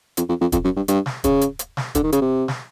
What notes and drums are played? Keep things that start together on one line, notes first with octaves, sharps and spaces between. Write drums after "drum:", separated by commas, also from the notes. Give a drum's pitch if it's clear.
F2, drum: hi-hat
F2
F2
F2, drum: kick, hi-hat
F#2
G2
G2, drum: hi-hat
drum: snare
C#3, drum: kick, hi-hat
drum: hi-hat
drum: hi-hat
drum: snare
D3, drum: kick, hi-hat
D#3
C#3, drum: hi-hat
C3
drum: snare